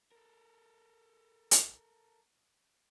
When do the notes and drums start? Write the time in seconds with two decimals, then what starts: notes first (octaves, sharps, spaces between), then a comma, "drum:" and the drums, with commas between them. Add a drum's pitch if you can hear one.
0.12 A4 A#4
1.51 drum: hi-hat